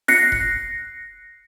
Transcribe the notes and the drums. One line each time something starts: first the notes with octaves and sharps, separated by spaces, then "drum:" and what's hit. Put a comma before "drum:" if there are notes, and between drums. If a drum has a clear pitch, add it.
F#6 A#6 C7 C#7, drum: snare
drum: kick F1